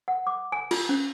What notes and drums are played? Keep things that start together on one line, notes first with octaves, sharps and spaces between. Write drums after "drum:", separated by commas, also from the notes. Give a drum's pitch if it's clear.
F#5
D6
G#5
F4, drum: cymbal
C#4